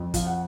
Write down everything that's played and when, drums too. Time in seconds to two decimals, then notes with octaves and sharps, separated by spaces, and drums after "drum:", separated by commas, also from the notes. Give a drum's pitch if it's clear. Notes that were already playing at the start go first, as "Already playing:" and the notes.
Already playing: F2
0.14 F3 F5, drum: kick, hi-hat
0.27 F#5